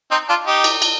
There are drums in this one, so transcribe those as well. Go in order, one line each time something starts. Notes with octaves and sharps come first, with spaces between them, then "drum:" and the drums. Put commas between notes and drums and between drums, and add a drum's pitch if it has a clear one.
C4 D#4
D4 F4
D#4 G4
drum: cymbal
drum: cymbal